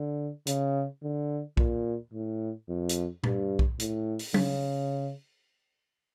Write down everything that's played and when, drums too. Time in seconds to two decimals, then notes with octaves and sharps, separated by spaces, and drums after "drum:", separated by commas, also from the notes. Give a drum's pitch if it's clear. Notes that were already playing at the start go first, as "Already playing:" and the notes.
Already playing: D3
0.47 C#3, drum: hi-hat
1.03 D3
1.57 A#2, drum: kick B1
2.14 A2
2.69 F2
2.89 drum: hi-hat
3.24 G2, drum: tom A#2
3.59 drum: kick B1
3.80 A2, drum: hi-hat
4.19 drum: open hi-hat
4.34 C#3, drum: tom